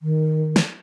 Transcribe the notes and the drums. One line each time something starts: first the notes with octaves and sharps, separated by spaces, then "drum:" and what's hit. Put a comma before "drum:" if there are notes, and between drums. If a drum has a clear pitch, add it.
D#3
drum: snare